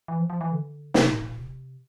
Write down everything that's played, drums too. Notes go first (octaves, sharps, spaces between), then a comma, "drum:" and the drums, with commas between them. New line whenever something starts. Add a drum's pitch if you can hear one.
E3
F3
F3
E3
D3
C3, drum: snare
A2
A#2
C3